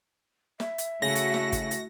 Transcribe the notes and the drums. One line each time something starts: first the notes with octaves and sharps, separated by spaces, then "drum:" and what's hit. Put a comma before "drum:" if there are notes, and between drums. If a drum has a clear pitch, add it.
E5, drum: snare
drum: hi-hat
C#3 A3 E4 F#4 A#6
drum: hi-hat
drum: snare
drum: kick, hi-hat
drum: hi-hat